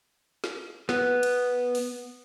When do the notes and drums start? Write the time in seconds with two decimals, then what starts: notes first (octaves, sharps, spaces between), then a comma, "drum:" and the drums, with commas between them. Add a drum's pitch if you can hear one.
0.44 drum: snare
0.89 B3, drum: snare
1.23 drum: cymbal
1.75 drum: open hi-hat